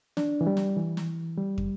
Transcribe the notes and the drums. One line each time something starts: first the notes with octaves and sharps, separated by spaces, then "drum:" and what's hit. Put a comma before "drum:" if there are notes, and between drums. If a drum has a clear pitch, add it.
D4, drum: snare
E3
G3
drum: snare
E3
drum: snare
G3
drum: kick